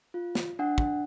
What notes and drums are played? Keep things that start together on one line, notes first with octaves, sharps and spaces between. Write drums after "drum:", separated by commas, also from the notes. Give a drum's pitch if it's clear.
F4
drum: snare
D4 F#5
drum: kick